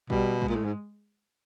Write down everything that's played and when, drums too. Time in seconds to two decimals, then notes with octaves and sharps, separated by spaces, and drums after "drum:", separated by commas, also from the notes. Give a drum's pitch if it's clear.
0.10 B2 G3, drum: kick A1
0.42 G#3, drum: kick A1
0.49 A#2
0.56 A2
0.64 G#2